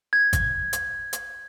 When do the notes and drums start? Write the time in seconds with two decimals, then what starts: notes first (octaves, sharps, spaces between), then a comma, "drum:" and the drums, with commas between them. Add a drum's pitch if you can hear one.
0.13 G#6
0.33 drum: kick G#1, hi-hat
0.73 drum: hi-hat
1.13 drum: hi-hat